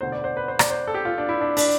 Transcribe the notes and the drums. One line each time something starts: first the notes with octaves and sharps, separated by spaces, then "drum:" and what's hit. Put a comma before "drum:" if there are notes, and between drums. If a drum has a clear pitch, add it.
E1 D2 D3 C5
D5
C5
B4
C5
D5, drum: rim click
C5
A4
G4
F4
D4
E4
D4
D4, drum: open hi-hat